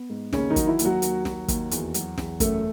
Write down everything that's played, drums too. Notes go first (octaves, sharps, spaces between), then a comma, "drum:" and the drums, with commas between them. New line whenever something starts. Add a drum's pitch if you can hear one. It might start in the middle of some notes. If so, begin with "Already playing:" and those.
Already playing: B3
G#2
D#2 C#3 C#4, drum: snare
D#3 D#4
F#3, drum: kick, hi-hat
E3 E4
D#2, drum: hi-hat
F#3 F#4
D#2, drum: hi-hat
F#3, drum: snare
D#2, drum: kick, hi-hat
E2, drum: hi-hat
F#3, drum: hi-hat
E2, drum: snare
F#2 A3 A4, drum: kick, hi-hat